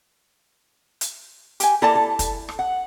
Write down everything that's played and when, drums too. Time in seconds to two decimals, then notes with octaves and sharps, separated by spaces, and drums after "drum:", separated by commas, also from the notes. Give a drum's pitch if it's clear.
1.01 drum: hi-hat
1.60 G4 G#5, drum: hi-hat
1.82 A#3 E4 A4 D5 A5
1.95 A4
2.19 drum: kick, hi-hat
2.49 drum: rim click
2.59 F#5